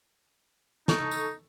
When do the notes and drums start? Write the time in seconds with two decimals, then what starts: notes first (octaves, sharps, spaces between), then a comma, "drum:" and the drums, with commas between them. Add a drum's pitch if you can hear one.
0.88 D#4 A4 C#6, drum: snare
1.11 drum: tambourine